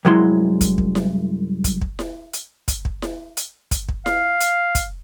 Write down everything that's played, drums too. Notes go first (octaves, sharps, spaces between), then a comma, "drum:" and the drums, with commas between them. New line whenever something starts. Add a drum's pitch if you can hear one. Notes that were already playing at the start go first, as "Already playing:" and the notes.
C2 F#2 F#3 G#3 E4 C6
drum: kick, hi-hat
drum: kick
drum: snare E4
drum: kick, hi-hat
drum: kick
drum: snare E4
drum: hi-hat
drum: kick, hi-hat
drum: kick
drum: snare E4
drum: hi-hat
drum: kick, hi-hat
drum: kick
F5, drum: snare E4
drum: hi-hat
drum: kick, hi-hat